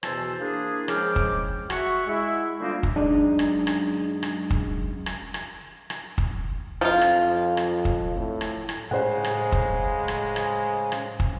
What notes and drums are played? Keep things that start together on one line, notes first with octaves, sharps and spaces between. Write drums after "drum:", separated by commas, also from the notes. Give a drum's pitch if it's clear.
E2 B2 E3 C5 A5 E6, drum: rim click
A#3 D4 E4 G#4
C#3 F3 G#3 G5 D6 F6, drum: rim click
drum: kick
F#4 E5 F#5 C#6, drum: rim click
G#3 E4 E5
D3 G3 A#3 C4 D#4 F4
drum: kick
F#2 G#3 D4 D#4
drum: rim click
drum: rim click
drum: rim click
drum: kick
drum: rim click
drum: rim click
drum: rim click
drum: kick
F2 F3 F4
drum: rim click
drum: rim click
drum: kick
A2
drum: rim click
drum: rim click
A2 C#3 G#3 C5 F#5
drum: rim click
drum: kick
drum: rim click
drum: rim click
drum: rim click
drum: kick